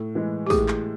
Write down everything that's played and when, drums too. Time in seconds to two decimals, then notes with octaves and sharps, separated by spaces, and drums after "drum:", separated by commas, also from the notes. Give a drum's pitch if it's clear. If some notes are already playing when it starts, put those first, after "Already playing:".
Already playing: A2 A4
0.15 E3 G#3
0.47 G4
0.50 A2 G#4, drum: kick, tambourine
0.68 drum: clap